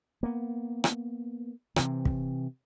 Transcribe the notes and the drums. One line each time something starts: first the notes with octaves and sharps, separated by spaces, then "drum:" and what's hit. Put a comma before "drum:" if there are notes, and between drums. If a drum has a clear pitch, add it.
A#3 B3
drum: rim click
C3 E3 C4, drum: rim click
drum: kick